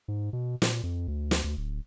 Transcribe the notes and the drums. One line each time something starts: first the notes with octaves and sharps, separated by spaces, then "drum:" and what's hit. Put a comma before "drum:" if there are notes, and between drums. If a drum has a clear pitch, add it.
G#2
B2
A#2, drum: snare
F2
D2
drum: snare
D2
D1